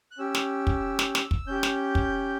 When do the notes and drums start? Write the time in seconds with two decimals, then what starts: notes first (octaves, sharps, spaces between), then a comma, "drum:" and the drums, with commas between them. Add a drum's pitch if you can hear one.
0.11 F#6
0.18 C#4 G4 E6
0.35 drum: snare
0.67 drum: kick
0.99 drum: snare
1.15 drum: snare
1.31 drum: kick
1.47 C#4 G4 G6
1.63 drum: snare
1.95 drum: kick